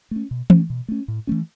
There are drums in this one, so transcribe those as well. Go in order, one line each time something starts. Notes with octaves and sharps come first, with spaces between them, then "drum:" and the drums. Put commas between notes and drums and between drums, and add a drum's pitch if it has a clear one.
A3 C#4
B2
A3 C#4, drum: tom E3
B2
A3 C#4
A2
E3 A3 C#4